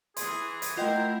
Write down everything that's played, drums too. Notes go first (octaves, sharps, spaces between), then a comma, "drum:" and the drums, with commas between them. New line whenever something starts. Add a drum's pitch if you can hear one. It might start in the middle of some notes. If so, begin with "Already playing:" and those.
E3 G#4 C6 D#6, drum: hi-hat
drum: hi-hat
A3 E4 F4 A#4 C5 D#5 F#5 G5